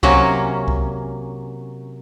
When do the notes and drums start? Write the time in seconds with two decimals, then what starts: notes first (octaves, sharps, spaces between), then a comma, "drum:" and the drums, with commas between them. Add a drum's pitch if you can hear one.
0.03 C3 F#3 A#3 C#4, drum: kick C2
0.68 drum: kick C2